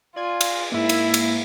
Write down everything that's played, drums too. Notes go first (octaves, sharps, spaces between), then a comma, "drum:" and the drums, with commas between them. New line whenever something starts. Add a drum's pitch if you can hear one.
F4 D5 G#5
drum: cymbal
G#2 A#3 E4
drum: cymbal
drum: cymbal